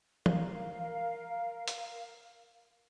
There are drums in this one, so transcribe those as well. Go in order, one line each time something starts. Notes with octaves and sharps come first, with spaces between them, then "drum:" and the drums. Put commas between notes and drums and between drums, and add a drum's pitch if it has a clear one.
A#4 F5, drum: tom E3
drum: hi-hat